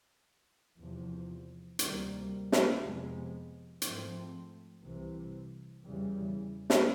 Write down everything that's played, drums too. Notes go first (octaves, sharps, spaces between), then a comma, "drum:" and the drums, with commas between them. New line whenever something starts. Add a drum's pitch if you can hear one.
E2 C3 F3
D2 C3 D#3 G3 A#3, drum: hi-hat
drum: snare
F2 C3 F3 G#3 B3
G#2 F3 A3 C4, drum: hi-hat
C2 C3 E3
E2 C#3 E3 G3
drum: snare